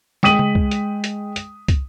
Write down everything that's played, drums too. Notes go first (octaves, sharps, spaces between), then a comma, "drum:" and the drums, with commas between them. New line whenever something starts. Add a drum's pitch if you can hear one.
G#3 G5 D#6 B6 D#7 F#7, drum: snare
drum: tom C#3
drum: kick
drum: hi-hat
drum: hi-hat
drum: hi-hat
drum: kick, hi-hat